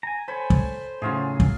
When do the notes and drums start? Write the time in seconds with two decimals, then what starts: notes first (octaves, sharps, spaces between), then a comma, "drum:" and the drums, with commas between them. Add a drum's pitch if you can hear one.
0.03 G#5 A#5
0.28 A4 C5 C#5 G#5 B5
0.50 drum: kick
1.02 A2 C#3 F#3 F4 G#4
1.40 drum: kick